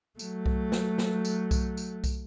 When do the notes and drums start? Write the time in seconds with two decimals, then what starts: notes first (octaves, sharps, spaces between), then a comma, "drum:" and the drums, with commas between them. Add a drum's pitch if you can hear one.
0.19 F#3 A3, drum: tambourine
0.46 drum: kick B1
0.72 drum: snare
0.98 drum: snare
1.25 drum: tambourine
1.51 drum: kick B1, tambourine
1.77 drum: tambourine
2.04 drum: kick B1, tambourine